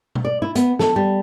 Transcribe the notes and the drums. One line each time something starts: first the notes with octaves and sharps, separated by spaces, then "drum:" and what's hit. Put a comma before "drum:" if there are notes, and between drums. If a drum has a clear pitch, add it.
drum: tom B2
D5
E4
B3, drum: hi-hat
A4, drum: snare
G3